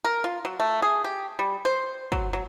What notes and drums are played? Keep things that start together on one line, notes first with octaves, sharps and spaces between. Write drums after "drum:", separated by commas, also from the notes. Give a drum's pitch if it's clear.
A#4
F4
F#3
A3
G#4
G4
G3
C5
F#3, drum: kick
F#3